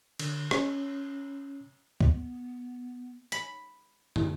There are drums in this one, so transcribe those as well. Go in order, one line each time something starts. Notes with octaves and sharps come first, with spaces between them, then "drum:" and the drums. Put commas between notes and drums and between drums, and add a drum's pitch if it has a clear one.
D3, drum: cymbal
C#4, drum: rim click
B3, drum: kick
B5, drum: hi-hat
drum: tom